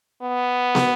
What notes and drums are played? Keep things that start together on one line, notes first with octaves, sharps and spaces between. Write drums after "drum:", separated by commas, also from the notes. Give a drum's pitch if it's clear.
B3
drum: snare